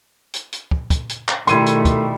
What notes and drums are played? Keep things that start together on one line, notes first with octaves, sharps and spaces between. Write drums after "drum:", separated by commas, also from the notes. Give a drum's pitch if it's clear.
drum: hi-hat
drum: hi-hat
drum: kick
drum: kick, hi-hat
drum: hi-hat
drum: clap
B2 D#3 G3 A3 E4 C6 C#6 D#7, drum: hi-hat
drum: hi-hat
drum: kick, hi-hat